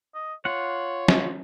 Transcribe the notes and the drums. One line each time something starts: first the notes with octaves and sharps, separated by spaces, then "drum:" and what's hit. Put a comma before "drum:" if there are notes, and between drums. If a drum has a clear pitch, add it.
D#5
F4 C#5 F#5
drum: snare